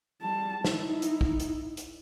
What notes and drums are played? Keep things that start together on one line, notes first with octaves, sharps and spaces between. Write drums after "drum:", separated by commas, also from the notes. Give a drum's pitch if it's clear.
G3 A5
D#4 E4, drum: snare
drum: hi-hat
drum: kick
drum: hi-hat
drum: hi-hat